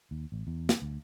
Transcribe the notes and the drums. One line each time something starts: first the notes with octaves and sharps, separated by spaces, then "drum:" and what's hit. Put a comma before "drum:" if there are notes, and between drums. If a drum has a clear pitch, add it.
D#2
A1
E2
drum: snare
D2